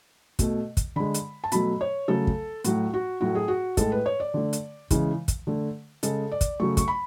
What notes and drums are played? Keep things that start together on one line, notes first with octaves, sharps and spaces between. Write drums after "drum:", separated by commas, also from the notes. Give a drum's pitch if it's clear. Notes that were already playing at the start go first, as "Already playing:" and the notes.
B2 A3, drum: kick, hi-hat
drum: kick, hi-hat
D3 G#3 B5
drum: hi-hat
A5
B2 F#3 A3 B5, drum: hi-hat
C#5
C#3 F#3 A3 A4
drum: kick
A2 F#3 A3 F#4, drum: hi-hat
F#4
A2 F#3 A3 F#4
G#4
F#4
A2 G#3 A4, drum: kick, hi-hat
B4
C#5
D5
D3 A3
drum: hi-hat
C#3 E3 G#3, drum: kick, hi-hat
drum: kick, hi-hat
D3 A3
C#3 G#3 A4, drum: hi-hat
D5
drum: kick, hi-hat
C#3 F#3 A3 C#6
C#6, drum: kick, hi-hat
B5